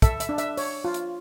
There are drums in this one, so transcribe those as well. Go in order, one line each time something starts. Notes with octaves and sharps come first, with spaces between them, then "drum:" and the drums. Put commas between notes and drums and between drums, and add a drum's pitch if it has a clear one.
A4 E5, drum: kick, hi-hat
E5, drum: hi-hat
D4
E5, drum: hi-hat
C#5, drum: open hi-hat
F4
drum: hi-hat